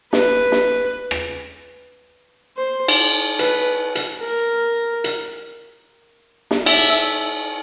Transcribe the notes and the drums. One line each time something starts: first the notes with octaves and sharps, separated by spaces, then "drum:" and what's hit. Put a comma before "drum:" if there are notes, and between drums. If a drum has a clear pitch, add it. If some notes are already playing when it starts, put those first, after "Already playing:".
B4, drum: snare
drum: snare
drum: rim click
C5
drum: cymbal
B4, drum: hi-hat
drum: hi-hat
A#4
drum: hi-hat
drum: snare
E5, drum: cymbal